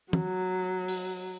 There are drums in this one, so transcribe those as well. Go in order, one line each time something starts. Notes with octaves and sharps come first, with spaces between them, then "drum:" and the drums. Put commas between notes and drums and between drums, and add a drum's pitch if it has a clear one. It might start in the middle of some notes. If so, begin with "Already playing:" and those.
F#3, drum: tom
drum: open hi-hat